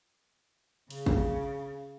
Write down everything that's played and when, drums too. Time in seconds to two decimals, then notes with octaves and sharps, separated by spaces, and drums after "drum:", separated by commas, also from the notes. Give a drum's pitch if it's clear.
0.90 C#3, drum: cymbal
1.06 drum: kick